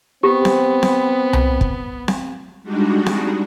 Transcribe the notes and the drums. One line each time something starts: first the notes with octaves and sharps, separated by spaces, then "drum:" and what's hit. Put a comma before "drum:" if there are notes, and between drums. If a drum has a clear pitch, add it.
B3 C4 G4
drum: snare C4
drum: snare C4
drum: tom C2
drum: kick
drum: snare C4
G3 G#3 D4 D#4 F#4
drum: snare C4